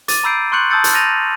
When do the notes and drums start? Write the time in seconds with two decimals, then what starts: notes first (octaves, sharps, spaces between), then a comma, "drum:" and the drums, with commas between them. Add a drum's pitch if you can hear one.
0.08 D6 A6 D#7, drum: hi-hat
0.24 A#5 B5 E6 G6 C7 D7
0.52 C6 C#6 F#6 G6 C#7 F#7
0.70 A5 D#6 E6 G6 A6 C#7
0.84 drum: hi-hat
0.93 F6 G6 A6 A#6 D#7 F7